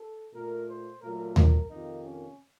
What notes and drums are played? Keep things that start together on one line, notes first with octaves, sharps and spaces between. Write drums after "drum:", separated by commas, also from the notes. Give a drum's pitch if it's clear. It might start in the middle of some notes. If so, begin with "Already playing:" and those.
Already playing: A4
A#2 A3 A#4
C5
A#2 F#3 A3 A#4
A#4, drum: tom D#2
F2 C3 D#3 A#3 D#4
C#4